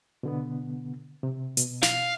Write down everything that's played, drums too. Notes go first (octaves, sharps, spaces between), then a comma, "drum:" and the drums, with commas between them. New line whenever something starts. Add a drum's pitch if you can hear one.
B2 D3 B3
C3
B2, drum: hi-hat
F5, drum: snare